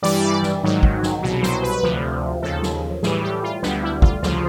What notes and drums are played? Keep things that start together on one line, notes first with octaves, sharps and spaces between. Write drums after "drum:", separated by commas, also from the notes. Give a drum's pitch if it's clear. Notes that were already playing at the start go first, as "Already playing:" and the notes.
G2 E3 G3 D5
drum: snare
G#2 D#3 F#3
drum: kick
drum: snare
C2 B2 F#3
C5, drum: snare
B4
D2 C3 F3
D#2 C#3 F3 A4
drum: snare
A2 E3 G3 G#4, drum: snare
G4
F4
D2 D3 G3 B3, drum: snare
E4
F4, drum: kick
D2 C#3 F3 F4, drum: snare